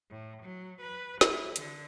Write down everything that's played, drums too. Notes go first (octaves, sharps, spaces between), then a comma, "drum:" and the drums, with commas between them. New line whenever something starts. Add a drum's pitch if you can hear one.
A2
F#3
B4
E4, drum: snare
D3, drum: hi-hat